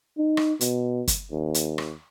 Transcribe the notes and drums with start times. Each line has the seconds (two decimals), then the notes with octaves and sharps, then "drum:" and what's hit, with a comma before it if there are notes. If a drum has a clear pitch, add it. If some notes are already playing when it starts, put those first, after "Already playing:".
0.18 D#4
0.37 drum: rim click
0.61 B2, drum: hi-hat
1.08 drum: kick, hi-hat
1.32 D#2
1.54 drum: hi-hat
1.78 drum: rim click